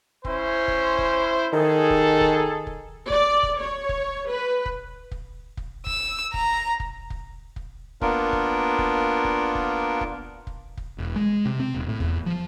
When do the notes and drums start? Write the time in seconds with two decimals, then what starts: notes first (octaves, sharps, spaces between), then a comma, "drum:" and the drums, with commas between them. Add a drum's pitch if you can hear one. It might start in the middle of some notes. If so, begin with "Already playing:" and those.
0.25 C#4 E4 C5, drum: kick
0.68 drum: kick
0.98 drum: kick
1.53 D#3 G#4 A4
1.90 drum: kick
2.21 drum: kick
2.67 drum: kick
3.10 D5, drum: kick
3.43 drum: kick
3.61 C#5
3.89 drum: kick
4.30 B4
4.66 drum: kick
5.11 drum: kick
5.57 drum: kick
5.86 E6, drum: kick
6.34 A#5, drum: kick
6.80 drum: kick
7.10 drum: kick
7.56 drum: kick
8.01 A#3 B3 D4 F4 A#4, drum: kick
8.33 drum: kick
8.79 drum: kick
9.24 drum: kick
9.55 drum: kick
10.01 drum: kick
10.47 drum: kick
10.77 drum: kick
10.98 E1
11.16 G#3
11.46 C3
11.60 C4
11.74 D#1
11.88 A2
12.00 E2, drum: kick
12.26 F3